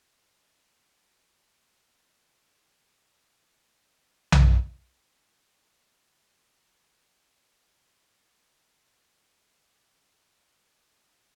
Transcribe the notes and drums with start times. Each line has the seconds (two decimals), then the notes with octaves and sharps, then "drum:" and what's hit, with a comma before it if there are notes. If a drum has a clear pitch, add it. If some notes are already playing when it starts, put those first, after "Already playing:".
0.15 G4 C#6
1.66 C#5
1.95 E4
2.20 C#4
2.42 G4
2.60 E4
2.79 G#4
3.04 G4
3.33 F4
3.60 C4
3.75 D#5
4.04 G4
4.32 drum: tom B1
5.12 A5 A#5
8.93 G#5
9.33 G5 F6
9.83 G4 E5
10.18 C4
10.58 C5
11.00 G4 A4